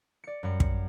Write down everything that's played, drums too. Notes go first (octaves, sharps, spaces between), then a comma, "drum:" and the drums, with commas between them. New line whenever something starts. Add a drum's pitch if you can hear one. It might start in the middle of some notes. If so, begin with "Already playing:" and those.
D5 C#7
F#2 G3 F#5 C#7
drum: kick